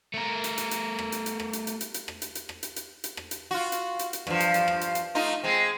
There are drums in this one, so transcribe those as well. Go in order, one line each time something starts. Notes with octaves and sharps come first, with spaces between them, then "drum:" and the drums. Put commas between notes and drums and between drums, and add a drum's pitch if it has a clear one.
A3 A#4
drum: hi-hat
drum: hi-hat
drum: hi-hat
drum: rim click
drum: hi-hat
drum: hi-hat
drum: rim click
drum: hi-hat
drum: hi-hat
drum: hi-hat
drum: hi-hat
drum: rim click
drum: hi-hat
drum: hi-hat
drum: rim click
drum: hi-hat
drum: hi-hat
drum: hi-hat
drum: rim click
drum: hi-hat
F4 F#4
drum: hi-hat
drum: hi-hat
drum: hi-hat
G2 F3, drum: rim click
drum: hi-hat
drum: hi-hat
drum: rim click
drum: hi-hat
drum: hi-hat
A3 D#4 F4
G#3 C4